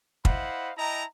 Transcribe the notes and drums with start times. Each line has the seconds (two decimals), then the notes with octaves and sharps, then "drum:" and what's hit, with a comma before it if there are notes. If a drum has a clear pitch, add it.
0.25 E4 C5 D#5 F5 F#5 B5, drum: kick
0.77 E4 D#5 G5 A5 A#5